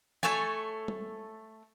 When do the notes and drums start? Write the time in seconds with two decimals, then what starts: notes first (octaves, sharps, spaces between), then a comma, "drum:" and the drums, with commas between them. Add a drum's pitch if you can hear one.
0.23 A3 A4 C#5 G#5, drum: snare
0.88 drum: tom G3